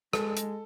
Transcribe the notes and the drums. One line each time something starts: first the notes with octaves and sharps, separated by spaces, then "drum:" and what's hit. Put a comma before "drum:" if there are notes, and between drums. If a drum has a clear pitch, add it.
G#3 A4, drum: rim click
drum: hi-hat